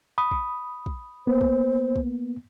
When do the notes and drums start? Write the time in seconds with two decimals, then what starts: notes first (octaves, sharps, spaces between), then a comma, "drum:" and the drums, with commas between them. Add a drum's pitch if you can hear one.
0.18 B5 D#6
0.31 drum: kick
0.86 drum: kick
1.27 A#3 B3 C5
1.41 drum: kick
1.96 drum: kick